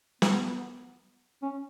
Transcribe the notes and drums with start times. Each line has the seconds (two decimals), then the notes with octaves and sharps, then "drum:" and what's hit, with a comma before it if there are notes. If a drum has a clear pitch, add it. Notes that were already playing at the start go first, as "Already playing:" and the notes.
0.22 B3, drum: snare
1.42 C#4